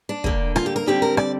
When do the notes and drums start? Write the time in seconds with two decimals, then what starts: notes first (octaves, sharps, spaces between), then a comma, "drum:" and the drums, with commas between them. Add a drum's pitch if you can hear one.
0.09 D4
0.24 D2 D3 A#3, drum: kick
0.56 F4, drum: rim click
0.66 G4
0.76 A#4
0.86 D2 D3 G3 C4 G4
1.02 A#4
1.17 D5, drum: rim click